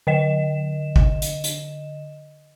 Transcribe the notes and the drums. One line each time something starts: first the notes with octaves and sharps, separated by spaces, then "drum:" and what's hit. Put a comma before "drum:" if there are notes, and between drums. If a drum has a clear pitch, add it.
D3 D#5 E7
drum: kick G#1
drum: hi-hat
drum: hi-hat